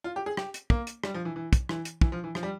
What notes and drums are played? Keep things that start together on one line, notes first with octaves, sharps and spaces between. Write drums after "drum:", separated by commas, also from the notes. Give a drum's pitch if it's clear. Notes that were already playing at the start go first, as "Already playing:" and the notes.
F4
G4
G#4
G4, drum: rim click
drum: hi-hat
A#3, drum: kick
drum: hi-hat
G3, drum: rim click
F3
E3
E3
drum: kick, hi-hat
E3, drum: rim click
drum: hi-hat
E3, drum: kick
F3
E3
F3, drum: rim click
G3